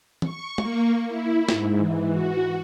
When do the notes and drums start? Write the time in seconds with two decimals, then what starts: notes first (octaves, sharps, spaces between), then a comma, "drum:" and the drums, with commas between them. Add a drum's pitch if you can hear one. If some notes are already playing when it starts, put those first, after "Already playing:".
0.22 C#6, drum: tom
0.58 A#3, drum: tom
1.08 E4
1.49 G#2, drum: snare
1.78 E3
2.10 F#4